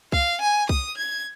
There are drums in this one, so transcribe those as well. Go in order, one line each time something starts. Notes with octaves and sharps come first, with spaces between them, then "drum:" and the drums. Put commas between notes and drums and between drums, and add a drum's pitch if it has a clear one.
F5, drum: kick C2
G#5
D#6, drum: kick C2
G#6